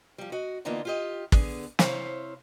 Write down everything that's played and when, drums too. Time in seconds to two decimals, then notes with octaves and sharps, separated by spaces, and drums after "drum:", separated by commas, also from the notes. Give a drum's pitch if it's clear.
0.18 F3 G3
0.32 F#4 D#5
0.65 D3 E3 A#3 B3 D#4 F4
0.85 F4 G4 D#5
1.32 D3 B3 G#4, drum: kick
1.79 C3 E4 C5 C#5 F5, drum: snare